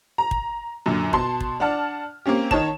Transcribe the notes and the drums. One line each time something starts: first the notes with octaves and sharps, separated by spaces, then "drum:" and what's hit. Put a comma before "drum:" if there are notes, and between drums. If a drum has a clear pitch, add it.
A#5
drum: kick
F#2 A#2 D3
B2 A5 C6, drum: kick
drum: kick
D4 D5 F#5 A5 F6
A#3 C4 C#4 G4
D#3 D#4 C#5 A5 E7, drum: kick